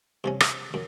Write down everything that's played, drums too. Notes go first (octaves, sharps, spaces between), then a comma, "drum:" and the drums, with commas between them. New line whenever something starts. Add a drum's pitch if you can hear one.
G2 C3 C#4
drum: rim click
F#2